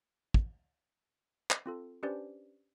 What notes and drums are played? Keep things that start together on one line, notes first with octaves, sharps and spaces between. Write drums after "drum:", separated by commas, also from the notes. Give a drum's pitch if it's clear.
drum: kick
drum: clap
C4 F4 A4
C#4 D4 G4 B4 C5 D5